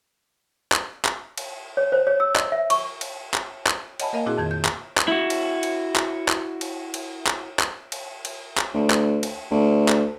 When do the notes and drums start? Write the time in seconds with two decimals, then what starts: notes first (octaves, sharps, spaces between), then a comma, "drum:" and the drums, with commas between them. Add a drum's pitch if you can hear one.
0.72 drum: clap
1.05 drum: clap
1.38 drum: cymbal
1.77 C#5
1.92 C5
2.07 C#5
2.20 E6
2.36 D#5, drum: clap
2.52 E5
2.70 C#6, drum: cymbal
3.01 drum: cymbal
3.34 drum: clap
3.67 drum: clap
4.00 C#5 D#5 F#5 G#5 A5 B5, drum: cymbal
4.13 A#3 A#4 D#5 F5 G#5
4.26 A#2 C4 E4 F#4 G#4
4.38 F2 D#3 G#6
4.51 G6
4.65 drum: clap
4.98 drum: clap
5.08 E4 F#4
5.30 drum: cymbal
5.63 drum: cymbal
5.96 drum: clap
6.28 drum: clap
6.61 drum: cymbal
6.94 drum: cymbal
7.27 drum: clap
7.59 drum: clap
7.92 drum: cymbal
8.25 drum: cymbal
8.57 drum: clap
8.74 D2
8.90 drum: clap
9.23 drum: cymbal
9.51 D2
9.88 drum: clap